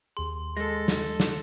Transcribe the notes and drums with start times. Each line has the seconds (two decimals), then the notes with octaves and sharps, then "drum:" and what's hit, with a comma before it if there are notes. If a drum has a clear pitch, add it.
0.17 D#2 G4 G#4 C6
0.57 G#3 A4 A#6
0.88 drum: snare
1.20 drum: snare